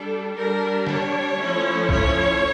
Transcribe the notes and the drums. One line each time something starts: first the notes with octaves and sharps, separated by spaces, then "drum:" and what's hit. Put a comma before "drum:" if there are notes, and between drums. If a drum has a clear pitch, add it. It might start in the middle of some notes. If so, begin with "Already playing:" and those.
Already playing: G3 D4 A4
G3 D4 A#4
C#5, drum: snare
F3 A3 C#4 E4
C#5, drum: kick C2